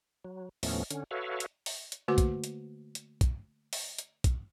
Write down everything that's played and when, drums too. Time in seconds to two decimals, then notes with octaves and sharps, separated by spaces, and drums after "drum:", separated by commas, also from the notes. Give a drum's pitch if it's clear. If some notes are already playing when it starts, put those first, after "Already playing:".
0.25 F#3
0.63 D#2 A2 F3 A3 B3 C#4, drum: open hi-hat
0.91 D3 C#4, drum: hi-hat
1.11 F#4 A4 B4 C#5 E5 F5
1.40 drum: hi-hat
1.66 drum: open hi-hat
1.92 drum: hi-hat
2.08 D3 A3 A#3 F#4 B4 D6
2.18 drum: kick, hi-hat
2.44 drum: hi-hat
2.95 drum: hi-hat
3.21 drum: kick, hi-hat
3.73 drum: open hi-hat
3.98 drum: hi-hat
4.24 drum: kick, hi-hat